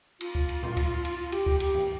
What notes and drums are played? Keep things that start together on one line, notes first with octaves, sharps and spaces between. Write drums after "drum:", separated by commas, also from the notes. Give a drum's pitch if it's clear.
F4, drum: cymbal
drum: kick C#2
drum: cymbal
drum: tom A2
drum: kick C#2, cymbal
drum: cymbal
G4, drum: cymbal
drum: kick C#2
G4, drum: cymbal
drum: tom G2